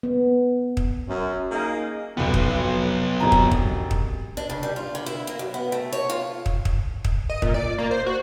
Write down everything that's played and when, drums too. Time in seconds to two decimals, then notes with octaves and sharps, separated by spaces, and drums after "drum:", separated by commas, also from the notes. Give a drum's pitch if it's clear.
0.03 B3
0.77 drum: kick
1.07 F#2
1.52 A#3 D#4 G#4
2.17 F1 B1 F#3 B3
2.34 drum: kick
3.20 E1 C3 A#5
3.32 drum: kick
3.52 drum: kick
3.91 drum: kick
4.37 D4
4.50 C#3
4.63 G3
4.76 F4
4.95 D3
5.06 E4
5.27 A#3
5.39 F#2
5.54 B3
5.72 A3
5.92 C#5
6.10 F4
6.46 drum: kick
6.65 drum: kick
7.05 drum: kick
7.29 D#5
7.42 A#2, drum: kick
7.54 D5
7.78 A#3
7.91 C5
8.06 F#4